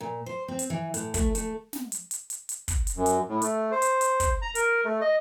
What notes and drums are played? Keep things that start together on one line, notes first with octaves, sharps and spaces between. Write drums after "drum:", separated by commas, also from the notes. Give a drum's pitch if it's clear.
A#2
C5
C4
drum: hi-hat
E3
A2, drum: hi-hat
A3, drum: kick, hi-hat
A3, drum: hi-hat
drum: snare
drum: hi-hat
drum: hi-hat
drum: hi-hat
drum: hi-hat
drum: kick, hi-hat
drum: hi-hat
F#2
drum: hi-hat
A2
A3, drum: hi-hat
C5
drum: hi-hat
drum: hi-hat
drum: kick, hi-hat
A#5
A#4, drum: hi-hat
A3
D#5